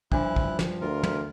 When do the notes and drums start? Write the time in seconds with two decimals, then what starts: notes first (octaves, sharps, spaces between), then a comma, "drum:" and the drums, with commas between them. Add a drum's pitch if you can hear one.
0.12 G2 F3 D4 E4 G#5 F#6, drum: kick
0.36 drum: kick
0.59 drum: snare
0.81 D2 F4 A#4
1.03 drum: tom